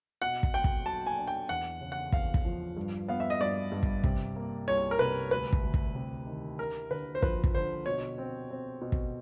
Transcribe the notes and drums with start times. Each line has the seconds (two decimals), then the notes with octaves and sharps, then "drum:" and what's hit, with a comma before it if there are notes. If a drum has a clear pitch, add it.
0.22 B2 F#5
0.43 drum: kick
0.54 B2 G5
0.64 drum: kick
0.85 F#3 A5
1.07 G#5
1.17 D4
1.28 G5
1.49 E2 F#5
1.81 C#3
1.92 F#5
2.12 E2 F5, drum: kick
2.34 drum: kick
2.45 F3
2.77 G2
3.08 B3 F5
3.20 E5
3.30 D#5
3.40 G2 D5
3.72 G2
3.83 drum: kick
4.04 C3, drum: kick
4.36 A#3
4.68 C2 C#5
4.91 A#4
4.99 C3 B4
5.31 D2 B4
5.53 drum: kick
5.63 D2
5.74 drum: kick
5.95 C3
6.27 D#3
6.59 D4 A#4
6.91 D3 B4
7.15 C5
7.22 F3 B4, drum: kick
7.44 drum: kick
7.54 D3 C5
7.86 B2 C#5
8.18 C4
8.50 C4
8.81 B2
8.92 drum: kick